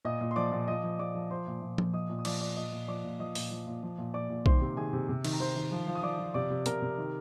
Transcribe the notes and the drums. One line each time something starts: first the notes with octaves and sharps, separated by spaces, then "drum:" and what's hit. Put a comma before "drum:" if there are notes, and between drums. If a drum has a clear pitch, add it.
A#2 D#5 D#6
A#2
C6
F3 D5 D6
A#2
F3 D#5 D#6
F3
F3 D5 D6
F3
F3 C5 C6
A#2
A#2
A#2, drum: tom F3
F3 D#5 D#6
A#2
D#6
F3 D5 D6, drum: cymbal
F3 D5 D6
A#2 D#5 D#6
A#2
F3 D5 D6
A#2
F3 D#5 D#6
A#2, drum: open hi-hat
F3
A#2
F3
A#2
A#2 D5 D6
A#2
D#3 C5 C6, drum: kick B1
C3
D#3 G#4 G#5
C3
C3
D#3, drum: cymbal
A#5
D#3 C5 C6
D#3
F3
F3
D#6
F3 D5 D6
F3
C3 D5 D6
C3
C3 A#4 A#5, drum: hi-hat
C3
D#3